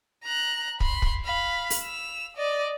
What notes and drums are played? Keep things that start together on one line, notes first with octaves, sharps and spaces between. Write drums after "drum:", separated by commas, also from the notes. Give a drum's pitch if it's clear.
A#5 F#6
B5 C6, drum: kick
drum: kick
F5 B5
drum: open hi-hat
E6 F7
D5 D#5